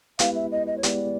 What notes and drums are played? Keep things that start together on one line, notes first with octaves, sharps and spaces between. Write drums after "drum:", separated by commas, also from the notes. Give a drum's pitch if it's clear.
G#3 B3 E4 G4 B4 F5, drum: hi-hat
E5
D#5
D#5
C#5
G#3 B3 E4 G4 B4 D5, drum: hi-hat